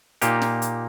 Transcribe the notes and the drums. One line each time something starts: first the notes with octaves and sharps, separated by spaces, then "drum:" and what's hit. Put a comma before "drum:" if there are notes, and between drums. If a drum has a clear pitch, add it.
A#2 A#3 D#4 G4, drum: hi-hat
drum: snare
drum: hi-hat